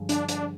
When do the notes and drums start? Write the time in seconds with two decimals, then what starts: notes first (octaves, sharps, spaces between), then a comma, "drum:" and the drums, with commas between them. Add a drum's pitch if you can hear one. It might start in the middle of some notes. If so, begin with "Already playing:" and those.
Already playing: G2 D3 F3 G#3
0.09 D4, drum: hi-hat
0.29 D4, drum: hi-hat